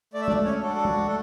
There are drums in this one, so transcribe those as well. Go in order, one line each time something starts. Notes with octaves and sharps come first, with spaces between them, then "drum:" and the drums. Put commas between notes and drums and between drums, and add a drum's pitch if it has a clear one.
A3 D5
E5
D4 D5, drum: tom G#3
C#4 C#5
D4 F#4 A4
A4
drum: tom G#3
A3 A4